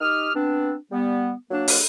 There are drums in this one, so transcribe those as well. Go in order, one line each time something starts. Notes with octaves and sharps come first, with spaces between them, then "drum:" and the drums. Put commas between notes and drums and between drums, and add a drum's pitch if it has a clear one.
D#4 G4 D#6 F6
B3 C4 D4
G3 B3
F#3 A#3 D4
drum: open hi-hat